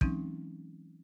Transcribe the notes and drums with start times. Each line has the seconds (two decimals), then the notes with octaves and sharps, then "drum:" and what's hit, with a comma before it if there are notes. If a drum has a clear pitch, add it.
0.01 E3 F#3 G#3 C4 C#4 D#4, drum: kick